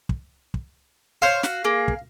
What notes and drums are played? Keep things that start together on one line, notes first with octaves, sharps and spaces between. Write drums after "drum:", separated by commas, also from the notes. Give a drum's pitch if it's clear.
drum: kick
drum: kick
C5 C#5 F5 G6
F#4, drum: snare
A#3 G#4
drum: kick